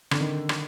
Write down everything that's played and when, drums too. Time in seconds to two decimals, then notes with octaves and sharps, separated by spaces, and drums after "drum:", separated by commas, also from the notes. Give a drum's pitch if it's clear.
0.11 D3, drum: rim click
0.20 D#3
0.49 drum: rim click